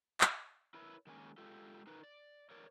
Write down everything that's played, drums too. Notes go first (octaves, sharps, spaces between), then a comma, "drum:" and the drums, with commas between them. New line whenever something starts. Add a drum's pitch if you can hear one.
drum: clap
E4 A#4 B4 C#5 E5
D#3 G#3 A#3 C#4 G#5
G#3 F4 G4 A4
D#4 A#4 B4
D5
A#4 C#5 D5